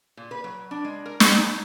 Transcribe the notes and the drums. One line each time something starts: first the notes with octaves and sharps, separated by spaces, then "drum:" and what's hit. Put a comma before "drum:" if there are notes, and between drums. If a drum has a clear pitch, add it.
A#2
B4
F#3
D4
G#3
A#4
G#5, drum: snare
D#4
A3